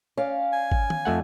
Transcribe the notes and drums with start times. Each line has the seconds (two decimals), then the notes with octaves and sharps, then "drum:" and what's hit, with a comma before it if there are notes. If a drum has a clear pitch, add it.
0.17 C#4 D5 F5
0.53 G#5
0.72 drum: kick G#1
0.90 drum: tom D#3
1.05 F2 A3 F#5